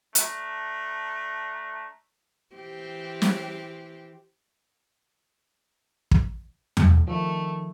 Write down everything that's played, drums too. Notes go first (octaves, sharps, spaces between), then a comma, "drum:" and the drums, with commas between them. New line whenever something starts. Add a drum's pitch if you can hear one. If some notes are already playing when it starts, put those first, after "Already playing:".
A3 D4 A#5, drum: hi-hat
E3 C4 G4
drum: snare
drum: kick
drum: tom E2
D#3 F3 A3